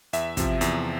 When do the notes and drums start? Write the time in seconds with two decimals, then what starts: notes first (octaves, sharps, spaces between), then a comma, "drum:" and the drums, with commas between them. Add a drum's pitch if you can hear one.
0.13 E2 E5, drum: hi-hat
0.37 C3 F3, drum: kick, hi-hat
0.61 E2, drum: hi-hat